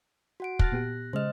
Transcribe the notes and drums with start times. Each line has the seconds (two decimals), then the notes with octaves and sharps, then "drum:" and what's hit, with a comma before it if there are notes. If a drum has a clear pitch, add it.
0.40 F#4 F#5 D7
0.59 A5 F6 F#6 A6 A#6, drum: kick
0.72 A#2 B3 G4
1.13 C#3 G#3 C5 D#5 F6